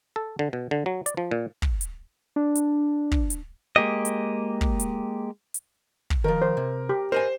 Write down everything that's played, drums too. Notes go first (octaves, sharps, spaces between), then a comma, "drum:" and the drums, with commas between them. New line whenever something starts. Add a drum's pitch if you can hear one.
A4
D3
B2
D3
F#3
D5, drum: hi-hat
F3
A#2
drum: kick
drum: hi-hat
D4
drum: hi-hat
drum: kick
drum: hi-hat
G#3 A#3 G4 D#5
drum: hi-hat
drum: kick
drum: hi-hat
drum: hi-hat
drum: kick
D#3 F3 A#4
C5
C3
G4
A#4 C5 D#5 G#5